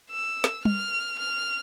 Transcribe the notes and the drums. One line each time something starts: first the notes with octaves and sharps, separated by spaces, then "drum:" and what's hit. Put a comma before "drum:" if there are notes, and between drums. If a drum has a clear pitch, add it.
E6
drum: snare
F6, drum: tom
F6